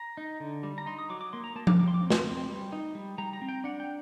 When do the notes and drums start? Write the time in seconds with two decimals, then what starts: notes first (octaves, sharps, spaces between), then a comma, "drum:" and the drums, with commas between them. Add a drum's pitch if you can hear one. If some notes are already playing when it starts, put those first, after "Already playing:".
Already playing: A#5
0.17 D#4
0.40 D3
0.63 G3
0.78 A#5
0.86 D#4 C6
0.98 D#6
1.10 F#3 D6
1.21 D6
1.33 A#3 C6
1.44 A#5
1.56 A#3 A5
1.67 D6, drum: tom F3
1.79 G3 D6
1.88 C6
1.94 D6
2.03 C4
2.10 C6, drum: snare
2.25 C4 C6
2.49 G3
2.72 D#4
2.95 G3
3.18 G3 A#5
3.33 A#5
3.42 C4
3.49 G5
3.64 D4 F#5
3.80 G5